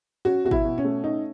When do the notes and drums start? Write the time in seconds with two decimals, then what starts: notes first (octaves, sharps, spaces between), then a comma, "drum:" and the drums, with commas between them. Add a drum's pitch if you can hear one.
0.25 C#4 F#4
0.44 B2 F#4
0.51 E4, drum: kick G#1
0.65 B2
0.78 C#4
0.84 A3
1.04 C#4 D#4